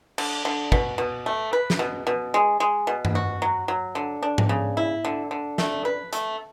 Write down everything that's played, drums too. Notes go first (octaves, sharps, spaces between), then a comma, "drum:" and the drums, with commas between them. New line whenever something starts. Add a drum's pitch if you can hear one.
D3, drum: cymbal
D3
B2, drum: kick
B2
A3
B4
drum: snare
B2
B2
G#3
G#3
B2
drum: tom G2
F#4
F#3
F#3
D3
D4
drum: tom G#2
C#3
E4
D3
D3
A3, drum: snare
B4
A3, drum: hi-hat